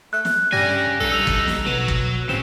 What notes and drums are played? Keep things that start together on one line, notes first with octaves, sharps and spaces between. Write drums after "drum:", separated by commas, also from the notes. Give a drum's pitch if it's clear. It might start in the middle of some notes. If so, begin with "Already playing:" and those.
A3 F#6
drum: snare
G2 C#3 G3 G#5 A#6
A#1 G2 D#4 A4
E6 F7 F#7
drum: kick
drum: snare
B2 F#3 B4
drum: kick
G#2 C#3 C4 E7